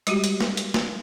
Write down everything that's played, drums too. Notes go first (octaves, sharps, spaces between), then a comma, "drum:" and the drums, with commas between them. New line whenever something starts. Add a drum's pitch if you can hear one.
G3 G#3 F#4 G4, drum: hi-hat
drum: hi-hat
drum: snare
drum: hi-hat
drum: snare